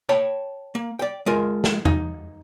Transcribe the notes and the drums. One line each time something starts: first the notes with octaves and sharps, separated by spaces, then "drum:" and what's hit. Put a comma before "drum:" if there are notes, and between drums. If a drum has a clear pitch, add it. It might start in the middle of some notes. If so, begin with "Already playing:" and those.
C#5 G5 A5 B5
A#3
D5 G5
G#3 F4 A#4
drum: snare
D#4, drum: tom E2